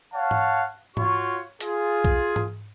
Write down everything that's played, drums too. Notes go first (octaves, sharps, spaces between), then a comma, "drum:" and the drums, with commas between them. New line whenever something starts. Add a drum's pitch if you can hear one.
C#5 F5 F#5 A5
drum: tom G#2
F4 F#4 C#5 C#6, drum: tom G#2
F4 G#4, drum: hi-hat
drum: kick B1
drum: tom G#2